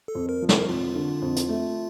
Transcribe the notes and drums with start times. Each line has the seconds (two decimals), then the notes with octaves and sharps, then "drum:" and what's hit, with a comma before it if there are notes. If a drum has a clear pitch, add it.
0.08 A4
0.15 F2
0.29 A#4
0.42 F3
0.49 A#4, drum: snare
0.68 F2 F4
0.95 D3
1.22 F2
1.36 drum: hi-hat
1.49 A3